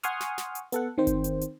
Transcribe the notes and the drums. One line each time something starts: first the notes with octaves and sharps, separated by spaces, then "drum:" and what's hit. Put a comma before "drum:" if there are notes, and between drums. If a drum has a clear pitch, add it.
F#5 G#5 C6 C#6 D#6 F6, drum: hi-hat
drum: snare
drum: snare
drum: hi-hat
B3 A4 F#5, drum: hi-hat
D#3 C4 C5
drum: kick G1, hi-hat
drum: hi-hat
drum: hi-hat